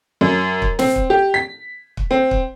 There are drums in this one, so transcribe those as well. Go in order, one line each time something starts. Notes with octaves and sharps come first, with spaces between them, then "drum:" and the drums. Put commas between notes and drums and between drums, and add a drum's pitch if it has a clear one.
F#2
drum: kick
C4, drum: snare
drum: kick
G4
B6
drum: kick
C4
drum: kick